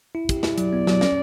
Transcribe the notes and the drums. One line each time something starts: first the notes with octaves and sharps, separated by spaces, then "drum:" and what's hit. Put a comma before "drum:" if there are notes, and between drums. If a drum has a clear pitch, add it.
E4
G4, drum: kick, hi-hat
E4, drum: snare
F#3 D5, drum: hi-hat
B3
F#3, drum: snare
C#4, drum: snare